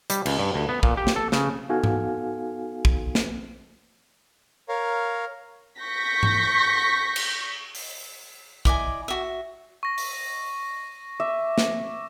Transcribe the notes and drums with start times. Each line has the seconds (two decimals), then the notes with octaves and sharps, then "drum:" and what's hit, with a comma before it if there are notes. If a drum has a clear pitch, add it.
0.10 G3, drum: hi-hat
0.26 C#2, drum: cymbal
0.38 G2
0.54 D2
0.69 B3
0.83 A#2, drum: kick A#1
0.97 G4
1.07 drum: snare
1.16 A4
1.32 C#3, drum: snare
1.69 B3 D#4 F#4 A4 F5 G#5
1.84 drum: tom G#2
2.85 drum: kick A#1
3.15 drum: snare
4.69 A#4 C#5 F5
5.79 C#6 G6 A#6 B6
6.23 drum: tom G#2
7.16 drum: cymbal
7.75 drum: open hi-hat
8.65 E4 D5 D#5 G#5, drum: kick A#1
9.08 F#4 E5
9.83 C#6 A#6
9.98 drum: open hi-hat
11.20 E5 D6
11.58 drum: snare